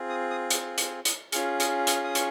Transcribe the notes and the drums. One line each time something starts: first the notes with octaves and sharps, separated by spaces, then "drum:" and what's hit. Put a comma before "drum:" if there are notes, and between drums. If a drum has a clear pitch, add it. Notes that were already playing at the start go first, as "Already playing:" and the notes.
Already playing: C4 F4 G#4
D#6
D#6
D#6, drum: hi-hat
drum: hi-hat
D#6, drum: hi-hat
C#4 F4 G#4 F6, drum: hi-hat
D#6, drum: hi-hat
D#6, drum: hi-hat
D#6
C#6, drum: hi-hat